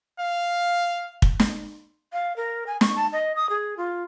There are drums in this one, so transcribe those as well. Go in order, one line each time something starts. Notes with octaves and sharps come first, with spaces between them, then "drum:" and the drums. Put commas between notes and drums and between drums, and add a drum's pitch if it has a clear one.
F5
drum: kick
drum: snare
F5
A#4
G#5
C#6, drum: snare
A5
D#5
D#6
G#4
F4